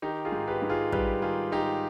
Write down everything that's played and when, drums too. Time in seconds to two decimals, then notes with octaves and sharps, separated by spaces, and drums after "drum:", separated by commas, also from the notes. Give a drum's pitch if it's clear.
0.02 D#3 D#4 G4
0.25 F4 G#4
0.32 G#2
0.48 G4 B4
0.62 G#2
0.69 F4 G#4
0.92 G3 G4 B4, drum: kick
1.22 D#3 F4 G#4
1.52 G#2 D#4 G4